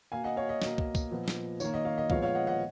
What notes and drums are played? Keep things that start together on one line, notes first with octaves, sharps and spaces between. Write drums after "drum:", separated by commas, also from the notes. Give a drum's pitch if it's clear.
B2 A#3 F5 G#5
D#5 F#5
C#5 F5
D#5
B2 A#3, drum: snare
drum: kick
drum: kick, tambourine
A#2 F3 B3
drum: snare
D#3 A#3 C#5, drum: tambourine
D#5
C#5 F5
D#5
A#2 F3 G#3 B3 C#5 F5, drum: kick
C#5 F5
D#5 F#5
D#5 F#5